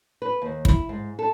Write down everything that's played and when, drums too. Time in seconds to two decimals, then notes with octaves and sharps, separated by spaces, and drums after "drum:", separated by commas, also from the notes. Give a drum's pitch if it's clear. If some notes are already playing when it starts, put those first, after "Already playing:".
0.22 B4
0.42 D#2
0.65 E4, drum: kick
0.89 G#2
1.19 A4